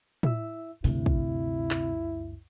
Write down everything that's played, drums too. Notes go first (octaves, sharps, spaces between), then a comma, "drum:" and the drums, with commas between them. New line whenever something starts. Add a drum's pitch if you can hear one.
E4 E5 E6, drum: tom A2
G1 D2 G2 C3 E4, drum: open hi-hat
drum: kick
drum: clap